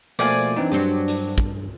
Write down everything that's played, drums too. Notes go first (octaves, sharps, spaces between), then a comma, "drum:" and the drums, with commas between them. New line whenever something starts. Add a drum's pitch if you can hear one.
B2 F3 A3 A#3 D5 G5 G#5, drum: hi-hat
F#2 E3 C4 D4 D#4
G2 F#3 C4 G4
drum: hi-hat
drum: kick